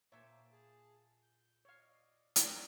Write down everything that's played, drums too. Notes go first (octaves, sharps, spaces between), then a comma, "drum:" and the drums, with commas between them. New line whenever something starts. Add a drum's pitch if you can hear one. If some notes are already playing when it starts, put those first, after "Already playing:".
A#2 A#3 F4 C5 C#5 E5 A5 D6
G#4 A5
G6
C#5 F5
D5 D#5
drum: hi-hat
G3 C#4 E5